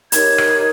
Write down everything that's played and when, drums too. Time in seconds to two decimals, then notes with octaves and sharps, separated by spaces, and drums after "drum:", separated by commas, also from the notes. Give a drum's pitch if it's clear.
0.12 D#4 G4 A#4 C#5 G#6, drum: hi-hat
0.38 drum: rim click